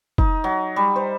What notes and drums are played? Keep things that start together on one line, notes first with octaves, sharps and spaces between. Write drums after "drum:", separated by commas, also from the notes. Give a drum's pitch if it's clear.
D#4, drum: kick
F#3
G3
C5